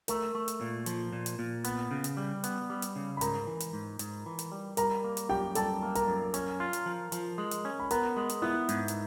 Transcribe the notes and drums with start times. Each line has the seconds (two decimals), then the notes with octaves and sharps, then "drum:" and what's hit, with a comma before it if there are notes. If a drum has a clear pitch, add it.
0.08 A3 A#4 A#5, drum: hi-hat
0.35 A3
0.48 drum: hi-hat
0.61 A#2
0.86 F3, drum: hi-hat
1.13 A#2
1.26 drum: hi-hat
1.39 A#2
1.64 B3, drum: hi-hat
1.91 C#3
2.04 drum: hi-hat
2.17 G3
2.44 B3, drum: hi-hat
2.70 G3
2.82 drum: hi-hat
2.96 C#3
3.17 B5
3.21 G#2 A#4 A#5, drum: hi-hat
3.47 E3
3.60 drum: hi-hat
3.73 G#2
3.99 G#2, drum: hi-hat
4.26 E3
4.39 drum: hi-hat
4.52 G3
4.77 G3 A#4 A#5, drum: hi-hat
5.04 A#3
5.17 drum: hi-hat
5.29 F#2 G4 G5
5.55 G3 A4 A5, drum: hi-hat
5.83 A#3
5.95 A#4 A#5, drum: hi-hat
6.08 F#2
6.34 C#4, drum: hi-hat
6.60 F4
6.73 drum: hi-hat
6.86 F3
7.12 F3, drum: hi-hat
7.38 G#3
7.51 drum: hi-hat
7.65 C#4
7.80 B5
7.91 B3 A#4 A#5, drum: hi-hat
8.17 G#3
8.29 drum: hi-hat
8.42 B3 E4 E5
8.69 G#2, drum: hi-hat
8.88 drum: hi-hat